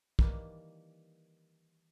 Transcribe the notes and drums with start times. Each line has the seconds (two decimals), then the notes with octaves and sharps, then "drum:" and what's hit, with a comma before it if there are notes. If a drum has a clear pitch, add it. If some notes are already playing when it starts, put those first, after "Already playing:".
0.19 D#3 E3 G3 A#3 B4 D5, drum: kick